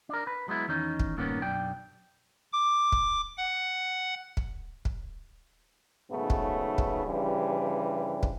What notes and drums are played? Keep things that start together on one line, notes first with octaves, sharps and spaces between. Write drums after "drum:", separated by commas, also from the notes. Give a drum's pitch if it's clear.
D4 A#4
B4
F#3 G#3 B3 E4
E2 D#3 C#4 D#4
drum: kick
G2 A#2 D#3 A#3 B3 C#4
B1 F#2 D4 G5
D6
drum: kick
F#5
drum: kick
drum: kick
B1 G#2 C#3 A3 B3
drum: kick
drum: kick
G2 C#3 E3 F3 G3
drum: kick